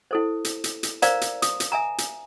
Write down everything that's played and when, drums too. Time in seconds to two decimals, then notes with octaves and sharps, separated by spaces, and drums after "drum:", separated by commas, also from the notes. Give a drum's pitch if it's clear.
0.11 E4 A4 C5
0.45 drum: hi-hat
0.64 drum: hi-hat
0.83 drum: hi-hat
1.02 A#4 C5 D5 F5 A#5, drum: hi-hat
1.21 drum: hi-hat
1.42 D#6, drum: hi-hat
1.60 drum: hi-hat
1.72 E5 G#5 A#5
1.98 drum: hi-hat